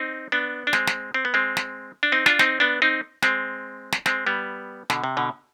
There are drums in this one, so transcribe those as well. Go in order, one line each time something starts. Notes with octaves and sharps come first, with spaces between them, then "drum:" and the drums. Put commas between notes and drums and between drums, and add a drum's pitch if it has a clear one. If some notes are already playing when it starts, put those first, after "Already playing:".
Already playing: C4 D#4
B3 D4
D4
G#3 C4, drum: snare
drum: snare
C4
B3
G#3 C4
drum: snare
D4
C4 D#4
D4 F4, drum: snare
C4 D#4, drum: snare
B3 D4
C4 D#4
G#3 C4, drum: snare
drum: snare
G#3 C4, drum: snare
G3 B3
B2 D3, drum: snare
C3
B2 D3